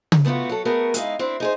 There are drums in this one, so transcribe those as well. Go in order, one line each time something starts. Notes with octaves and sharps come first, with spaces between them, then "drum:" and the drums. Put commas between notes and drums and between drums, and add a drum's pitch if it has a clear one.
drum: tom C#3
A3 B3 D#4 F4 F#4
F#3 A4
A3 B3 F#4 G#4 A#4
G#3 D#4 E4 F5, drum: hi-hat
C4 D4 E4
D#4 G#4 C5